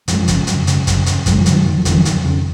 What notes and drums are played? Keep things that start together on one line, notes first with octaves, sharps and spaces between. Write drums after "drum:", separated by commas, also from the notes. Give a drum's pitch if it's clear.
F#2 F3 G#3, drum: hi-hat
C#3, drum: kick, hi-hat
F#2, drum: hi-hat
C#3, drum: hi-hat
F#2, drum: kick, hi-hat
C#3, drum: hi-hat
F#2 F3 G#3, drum: kick, hi-hat
D#3 F#3
C#3, drum: hi-hat
D#3 F#3
F2
F3
C#3, drum: kick, hi-hat
D#3 F#3
F2, drum: hi-hat
C#3